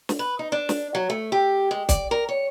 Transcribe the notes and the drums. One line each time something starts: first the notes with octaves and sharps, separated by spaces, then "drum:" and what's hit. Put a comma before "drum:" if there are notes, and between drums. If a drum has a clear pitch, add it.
drum: snare
B4
D#4
D4
drum: snare
F#3
A3
G4
G#3
D5, drum: kick, hi-hat
A#4
C#5